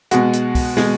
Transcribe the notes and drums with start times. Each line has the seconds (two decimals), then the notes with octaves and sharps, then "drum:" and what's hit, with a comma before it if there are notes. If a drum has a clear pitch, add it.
0.11 B2 G#3 F#4, drum: hi-hat
0.33 drum: hi-hat
0.55 drum: kick, open hi-hat
0.77 B2 G#3, drum: snare